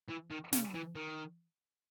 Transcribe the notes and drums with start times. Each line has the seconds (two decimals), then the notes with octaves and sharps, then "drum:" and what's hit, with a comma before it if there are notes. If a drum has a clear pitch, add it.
0.08 E3
0.31 D#3
0.52 C#3, drum: snare
0.75 E3
0.96 D#3